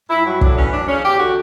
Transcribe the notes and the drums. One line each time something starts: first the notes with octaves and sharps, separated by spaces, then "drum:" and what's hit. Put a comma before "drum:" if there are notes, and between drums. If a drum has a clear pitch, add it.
G2 E4
F#3 F#4
A2 D4, drum: kick
E3 C#4
F#2 D4
C#3 C#4
E2 G4
D3 F#4